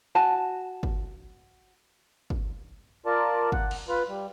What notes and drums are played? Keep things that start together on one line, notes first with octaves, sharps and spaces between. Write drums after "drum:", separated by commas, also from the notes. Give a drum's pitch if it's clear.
F#4 G#5 A5
drum: kick
drum: kick
F4 A#4 D5 A5
F#5, drum: kick
drum: cymbal
F4 B4
G3